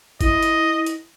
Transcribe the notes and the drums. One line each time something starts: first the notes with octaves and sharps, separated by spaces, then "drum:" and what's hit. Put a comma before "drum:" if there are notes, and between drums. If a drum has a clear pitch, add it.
E4 D#5, drum: kick G#1, hi-hat
drum: hi-hat
drum: hi-hat